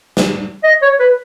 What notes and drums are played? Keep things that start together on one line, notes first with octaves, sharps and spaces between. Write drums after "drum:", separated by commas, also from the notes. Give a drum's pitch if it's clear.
drum: snare
D#5
C#5
B4